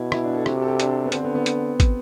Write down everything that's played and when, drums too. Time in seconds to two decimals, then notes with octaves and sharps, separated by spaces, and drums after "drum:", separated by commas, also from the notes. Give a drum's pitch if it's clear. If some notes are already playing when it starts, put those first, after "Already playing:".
Already playing: B2 E4
0.12 E4, drum: rim click
0.24 D4
0.34 A4
0.46 C3 F#4, drum: rim click
0.56 G4
0.62 A4
0.68 G4
0.80 D4, drum: hi-hat
1.06 B3
1.12 D3 C4, drum: hi-hat
1.24 B3
1.35 B3
1.46 drum: hi-hat
1.80 drum: kick, hi-hat